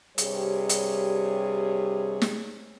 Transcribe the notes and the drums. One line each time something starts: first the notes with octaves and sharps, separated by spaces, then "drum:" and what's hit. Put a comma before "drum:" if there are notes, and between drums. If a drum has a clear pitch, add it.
G2 C3 G3 G#4 C#5, drum: hi-hat
drum: hi-hat
drum: snare